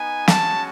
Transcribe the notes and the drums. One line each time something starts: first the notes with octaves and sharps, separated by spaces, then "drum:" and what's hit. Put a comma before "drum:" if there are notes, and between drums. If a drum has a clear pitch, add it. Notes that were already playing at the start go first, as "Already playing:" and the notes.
Already playing: B3 D#4 G#5
G#3 C#4 F#4 A5, drum: snare